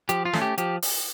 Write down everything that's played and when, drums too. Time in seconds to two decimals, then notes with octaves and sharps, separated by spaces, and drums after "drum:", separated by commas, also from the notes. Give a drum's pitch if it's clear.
0.09 F3 G4, drum: hi-hat
0.25 F4
0.33 A3 C#4, drum: snare
0.42 G4
0.58 F3 G4, drum: hi-hat
0.82 drum: open hi-hat